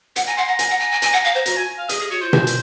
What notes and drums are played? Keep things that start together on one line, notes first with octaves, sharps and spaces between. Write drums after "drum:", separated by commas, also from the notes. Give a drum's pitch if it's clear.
F#5, drum: hi-hat
G#5 A#5
F#5 C6
F#5 A#5
G#5, drum: hi-hat
F#5
G#5
G#5
G#5, drum: hi-hat
F#5
F5
C5
F#4 A#5, drum: hi-hat
G#5
F5
G#4 D#5, drum: hi-hat
G#4 D#5
F#4 C#5
F4 C5
F#4, drum: tom B2
drum: hi-hat